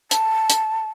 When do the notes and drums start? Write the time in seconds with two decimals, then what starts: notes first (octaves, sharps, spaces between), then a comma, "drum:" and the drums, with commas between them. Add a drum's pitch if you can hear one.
0.11 A5, drum: hi-hat
0.50 drum: hi-hat